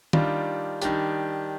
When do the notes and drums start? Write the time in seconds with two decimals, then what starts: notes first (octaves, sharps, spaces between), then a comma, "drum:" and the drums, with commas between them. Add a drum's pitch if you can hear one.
0.13 D#3 G3 D4 F4, drum: tom D#3
0.82 D#3 G3 D4 G4, drum: hi-hat